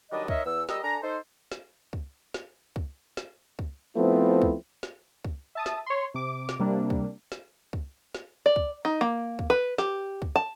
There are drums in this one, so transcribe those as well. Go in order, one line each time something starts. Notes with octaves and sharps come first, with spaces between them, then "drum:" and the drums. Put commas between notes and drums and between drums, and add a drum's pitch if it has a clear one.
D#3 F#3 G3 D4 B4 D#5
D#4 A#4 C#5 D#5 E5, drum: kick
E2 E6
G3 G4 A#4 D#5 D#6 E6, drum: snare
D4 A4 G#5 A#5
D#4 A4 C5
drum: snare
drum: kick
drum: snare
drum: kick
drum: snare
drum: kick
F3 A3 B3 C4 E4
drum: kick
drum: snare
drum: kick
E5 A5 D#6
drum: snare
C#5 C6
C3 D6
drum: snare
C3 G3 A#3 D4
drum: kick
drum: snare
drum: kick
drum: snare
D5
drum: kick
D#4
A#3
drum: kick
B4
G4, drum: snare
drum: kick
A5